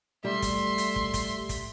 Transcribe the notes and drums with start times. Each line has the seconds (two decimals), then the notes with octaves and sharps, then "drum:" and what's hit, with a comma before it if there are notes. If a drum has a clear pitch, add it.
0.25 G3 A3 E5 C6
0.42 drum: kick, hi-hat
0.78 drum: hi-hat
0.96 drum: kick
1.14 drum: kick, hi-hat
1.49 drum: kick, hi-hat